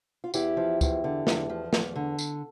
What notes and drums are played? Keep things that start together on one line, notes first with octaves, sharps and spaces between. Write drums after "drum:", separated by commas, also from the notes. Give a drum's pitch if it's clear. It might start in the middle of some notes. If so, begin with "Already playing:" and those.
F4
E2 E4 G4, drum: tambourine
F3
E2, drum: kick, tambourine
D3
E2, drum: snare
F3
E2, drum: snare
D3
drum: tambourine